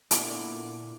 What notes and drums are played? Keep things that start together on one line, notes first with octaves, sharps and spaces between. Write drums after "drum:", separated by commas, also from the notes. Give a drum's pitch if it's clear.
A#2 D3 B3 E4 D6, drum: hi-hat